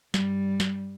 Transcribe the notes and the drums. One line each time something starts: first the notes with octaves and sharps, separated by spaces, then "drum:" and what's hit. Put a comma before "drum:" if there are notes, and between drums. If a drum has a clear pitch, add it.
G2 G3, drum: snare
drum: snare